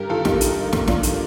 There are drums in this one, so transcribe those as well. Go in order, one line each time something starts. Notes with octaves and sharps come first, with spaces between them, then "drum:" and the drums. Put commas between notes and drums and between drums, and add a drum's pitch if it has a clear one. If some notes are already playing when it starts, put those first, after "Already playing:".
Already playing: G2 G4 A#4
D#3 F4 A4
G2 D#4 G4, drum: snare
D#3, drum: hi-hat
G2
D#3, drum: snare
G2 D4 F4, drum: snare
D#3, drum: hi-hat